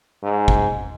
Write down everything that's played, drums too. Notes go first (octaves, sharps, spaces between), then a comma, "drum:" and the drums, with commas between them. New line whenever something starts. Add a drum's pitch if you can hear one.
G#2
drum: kick